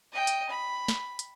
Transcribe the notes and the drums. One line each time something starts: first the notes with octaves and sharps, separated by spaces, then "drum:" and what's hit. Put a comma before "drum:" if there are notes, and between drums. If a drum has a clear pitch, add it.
D#5 G5
drum: hi-hat
B5
drum: snare
drum: hi-hat